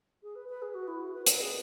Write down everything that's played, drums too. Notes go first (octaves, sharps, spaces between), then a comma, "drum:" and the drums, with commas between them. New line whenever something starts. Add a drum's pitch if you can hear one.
G#4
B4
B4
G#4
F#4
E4
F#4
B4
B4, drum: hi-hat
G#4